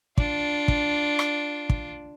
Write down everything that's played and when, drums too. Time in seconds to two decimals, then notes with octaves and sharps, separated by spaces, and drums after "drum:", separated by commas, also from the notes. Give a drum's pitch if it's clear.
0.18 D4 F4, drum: kick
0.68 drum: kick
1.19 drum: rim click
1.70 drum: kick